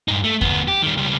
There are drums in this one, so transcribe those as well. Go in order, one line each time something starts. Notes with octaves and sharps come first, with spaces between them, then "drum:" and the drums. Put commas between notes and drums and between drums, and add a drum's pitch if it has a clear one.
G2 D#4
A3
D2 B3, drum: kick E2
G4
D#3 G3
C#2 G3